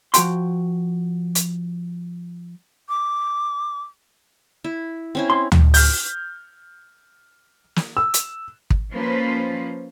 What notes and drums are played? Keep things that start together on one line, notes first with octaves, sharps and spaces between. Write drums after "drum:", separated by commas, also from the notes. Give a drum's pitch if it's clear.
F3 F#4 G5 C6, drum: hi-hat
drum: hi-hat
D6
E4
C4 C#4 E4
C6
drum: tom D2
F6 G6, drum: open hi-hat
drum: snare
E6
drum: hi-hat
drum: kick
F3 A#3 C#4 F4 B4 C5